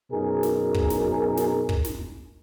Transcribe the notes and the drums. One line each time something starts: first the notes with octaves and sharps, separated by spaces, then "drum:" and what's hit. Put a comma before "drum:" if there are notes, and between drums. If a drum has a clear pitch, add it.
F#2 B2 D#4 G#4 A#4
drum: snare
drum: kick
drum: snare
drum: snare
drum: kick
drum: snare